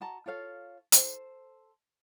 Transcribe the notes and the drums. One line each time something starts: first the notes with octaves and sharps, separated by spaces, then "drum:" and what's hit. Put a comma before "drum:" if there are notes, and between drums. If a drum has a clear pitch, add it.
F#4 D#5 A5 A#5
F4 A4 C#5 F5
A4 C5, drum: hi-hat